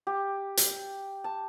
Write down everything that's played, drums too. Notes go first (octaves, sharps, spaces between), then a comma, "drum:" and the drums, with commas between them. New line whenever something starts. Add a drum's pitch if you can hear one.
G4
drum: hi-hat
A5